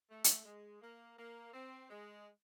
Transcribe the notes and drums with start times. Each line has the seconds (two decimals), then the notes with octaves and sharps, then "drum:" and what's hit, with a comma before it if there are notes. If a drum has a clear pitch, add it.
0.10 A3
0.24 drum: hi-hat
0.45 G#3
0.81 A#3
1.18 A#3
1.54 C4
1.90 G#3